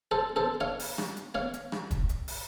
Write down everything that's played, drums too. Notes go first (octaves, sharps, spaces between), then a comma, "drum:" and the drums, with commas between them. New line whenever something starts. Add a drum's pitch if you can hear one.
A4 C5
A4 C5
C#5 F5
drum: open hi-hat
drum: rim click
drum: hi-hat
C#5 F5
drum: hi-hat
drum: rim click
drum: kick, hi-hat
drum: hi-hat
drum: open hi-hat